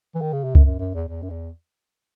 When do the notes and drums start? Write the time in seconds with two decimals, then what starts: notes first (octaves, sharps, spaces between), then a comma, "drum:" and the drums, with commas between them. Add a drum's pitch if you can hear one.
0.15 E3
0.22 D#3
0.33 C#3
0.44 C3
0.55 F#2, drum: kick C#2
0.65 F#2
0.79 F#2
0.94 E2
1.08 E2
1.23 F#2
1.30 E2